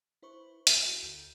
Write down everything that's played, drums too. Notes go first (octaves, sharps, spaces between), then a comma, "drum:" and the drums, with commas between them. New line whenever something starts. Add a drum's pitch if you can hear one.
E4 B4 C5 C#6
E5 B6, drum: hi-hat
E4 F#4
D2 G6